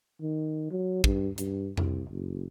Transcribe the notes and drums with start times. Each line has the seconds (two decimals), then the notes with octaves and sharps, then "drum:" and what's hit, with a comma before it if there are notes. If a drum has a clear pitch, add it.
0.21 D#3
0.71 F#3
1.04 G2, drum: kick
1.38 G2, drum: hi-hat
1.77 C2, drum: tom F2
2.09 F#1